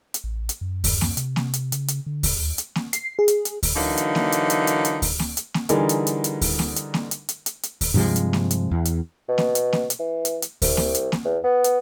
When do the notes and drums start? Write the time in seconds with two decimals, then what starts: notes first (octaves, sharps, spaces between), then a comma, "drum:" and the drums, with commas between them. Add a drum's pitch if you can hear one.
0.14 drum: hi-hat
0.24 A1
0.49 drum: hi-hat
0.61 F#2
0.84 drum: kick D2, open hi-hat
1.01 drum: snare A#3
1.17 C3, drum: hi-hat
1.36 drum: snare A#3
1.54 drum: hi-hat
1.72 C#3, drum: hi-hat
1.88 drum: hi-hat
2.06 D3
2.23 drum: kick D2, open hi-hat
2.34 D#2
2.58 drum: hi-hat
2.75 drum: snare A#3
2.93 C7, drum: hi-hat
3.19 G#4
3.28 drum: hi-hat
3.45 drum: hi-hat
3.63 drum: kick D2, open hi-hat
3.76 D3 E3 F#3 A#3 D#4
3.97 drum: hi-hat
4.15 drum: snare A#3
4.32 drum: hi-hat
4.50 drum: hi-hat
4.67 drum: hi-hat
4.85 drum: hi-hat
5.02 drum: kick D2, open hi-hat
5.19 drum: snare A#3
5.37 drum: hi-hat
5.54 drum: snare A#3
5.69 D3 E3 G3 D#4 G#4 A#4, drum: hi-hat
5.89 drum: hi-hat
6.07 drum: hi-hat
6.24 drum: hi-hat
6.41 drum: kick D2, open hi-hat
6.59 drum: snare A#3
6.76 drum: hi-hat
6.94 drum: snare A#3
7.11 drum: hi-hat
7.29 drum: hi-hat
7.46 drum: hi-hat
7.63 drum: hi-hat
7.81 drum: kick D2, open hi-hat
7.94 G2 C3 F3 G#3
8.16 drum: hi-hat
8.33 drum: snare A#3
8.51 drum: hi-hat
8.71 E2
8.85 drum: hi-hat
9.29 B2
9.38 drum: snare A#3
9.55 drum: hi-hat
9.73 drum: snare A#3
9.90 drum: hi-hat
9.99 E3
10.25 drum: hi-hat
10.42 drum: hi-hat
10.62 C2, drum: kick D2, open hi-hat
10.77 drum: snare A#3
10.95 drum: hi-hat
11.12 drum: snare A#3
11.25 E2
11.44 B3
11.64 drum: hi-hat